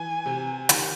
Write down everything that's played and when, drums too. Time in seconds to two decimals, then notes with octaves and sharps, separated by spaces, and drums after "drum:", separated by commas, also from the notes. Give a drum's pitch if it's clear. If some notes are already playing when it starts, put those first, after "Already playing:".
Already playing: E3 G#5
0.26 C3
0.69 D#3, drum: hi-hat